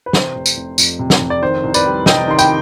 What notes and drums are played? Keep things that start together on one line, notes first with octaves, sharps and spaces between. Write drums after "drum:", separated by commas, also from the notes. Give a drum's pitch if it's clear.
B4
C3 C5, drum: snare
F1
drum: tambourine
F1
F2, drum: tambourine
C3
drum: snare
F1
D5
D#3 C5
C2
B4 D5, drum: tambourine
G3
C3 D#5 G5, drum: snare
D#3 C6
G5 B5, drum: tambourine